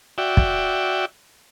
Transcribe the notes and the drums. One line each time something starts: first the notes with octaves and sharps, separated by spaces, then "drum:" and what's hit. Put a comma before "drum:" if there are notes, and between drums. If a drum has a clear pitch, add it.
F#4 D5 E5 G5
drum: kick